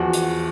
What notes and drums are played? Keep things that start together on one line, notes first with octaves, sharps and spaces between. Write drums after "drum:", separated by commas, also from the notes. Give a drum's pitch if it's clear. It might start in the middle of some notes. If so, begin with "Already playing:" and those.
Already playing: E2 F3 F#4
drum: hi-hat